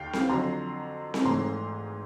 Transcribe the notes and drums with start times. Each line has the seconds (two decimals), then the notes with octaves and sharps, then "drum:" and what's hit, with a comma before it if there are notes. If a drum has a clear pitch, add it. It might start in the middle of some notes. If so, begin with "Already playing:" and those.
Already playing: D#2 D3 F5 G5
0.13 drum: snare C4
0.29 F2 D3 F#3 A#5 C6
1.14 drum: snare C4
1.24 G#1 G#2 E3 A3 A#5 C6